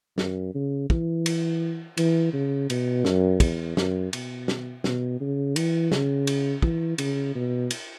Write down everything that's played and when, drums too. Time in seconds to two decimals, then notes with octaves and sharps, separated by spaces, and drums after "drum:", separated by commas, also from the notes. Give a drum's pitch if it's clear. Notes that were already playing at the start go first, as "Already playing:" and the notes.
0.18 F#2, drum: snare
0.55 C#3
0.90 E3, drum: kick
1.26 drum: cymbal
1.97 E3, drum: cymbal
2.33 C#3
2.70 B2, drum: cymbal
3.05 F#2, drum: snare
3.40 E2, drum: kick, cymbal
3.77 F#2, drum: snare
4.13 B2, drum: cymbal
4.48 drum: snare
4.84 B2, drum: snare
5.20 C#3
5.56 E3, drum: cymbal
5.92 C#3, drum: snare
6.27 drum: cymbal
6.62 E3, drum: kick
6.98 C#3, drum: cymbal
7.35 B2
7.70 drum: cymbal